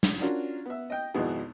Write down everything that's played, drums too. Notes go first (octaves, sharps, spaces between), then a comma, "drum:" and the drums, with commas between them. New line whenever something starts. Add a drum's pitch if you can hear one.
drum: snare
C#4 D4 F4 F#4 A#4
B3 E5
D#5 G5
G#1 F2 B2 B3 E4 G#4